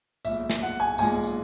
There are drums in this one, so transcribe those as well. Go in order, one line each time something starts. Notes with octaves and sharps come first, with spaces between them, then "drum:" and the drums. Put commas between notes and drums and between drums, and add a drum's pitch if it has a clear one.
B1 A#2 G#3 E5, drum: tambourine
drum: snare
F#5
G#5
B1 A#2 G#3 G#5, drum: tambourine
drum: tambourine